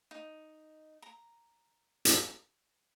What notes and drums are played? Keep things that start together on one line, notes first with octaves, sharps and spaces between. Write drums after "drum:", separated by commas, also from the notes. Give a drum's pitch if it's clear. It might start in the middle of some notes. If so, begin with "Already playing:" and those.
D#4
A#5
drum: hi-hat